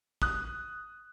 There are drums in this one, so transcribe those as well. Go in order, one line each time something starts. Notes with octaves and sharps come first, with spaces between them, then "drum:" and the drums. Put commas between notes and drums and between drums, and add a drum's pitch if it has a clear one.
D#6 F#6, drum: kick